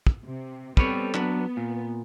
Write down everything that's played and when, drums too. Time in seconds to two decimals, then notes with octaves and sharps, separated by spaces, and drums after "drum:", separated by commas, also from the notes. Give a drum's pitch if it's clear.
0.07 drum: kick
0.25 C3
0.77 G3 B3 C4 A4 B4 C#5, drum: kick
1.14 F#3 B3 D4 B4, drum: clap
1.57 A#2